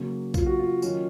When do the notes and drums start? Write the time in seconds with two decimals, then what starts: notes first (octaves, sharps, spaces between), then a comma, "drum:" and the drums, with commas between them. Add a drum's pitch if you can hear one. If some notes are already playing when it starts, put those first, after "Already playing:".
Already playing: C#3 F#3 A#3
0.34 F4, drum: kick A#1, tambourine
0.46 F#4
0.59 F4
0.82 D#3 F#3 C#4, drum: tambourine